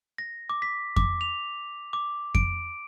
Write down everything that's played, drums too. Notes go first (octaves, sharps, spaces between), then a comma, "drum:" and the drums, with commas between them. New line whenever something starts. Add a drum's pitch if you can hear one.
A#6
D6
B6
D6, drum: kick F2
F7
D6
D7, drum: kick F2